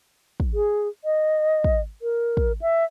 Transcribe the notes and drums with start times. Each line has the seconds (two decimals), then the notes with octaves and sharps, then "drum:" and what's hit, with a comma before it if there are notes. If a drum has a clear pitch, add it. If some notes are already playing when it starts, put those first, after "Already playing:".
0.40 drum: kick
0.54 G#4
1.04 D#5
1.64 drum: kick
2.02 A#4
2.37 drum: kick
2.61 E5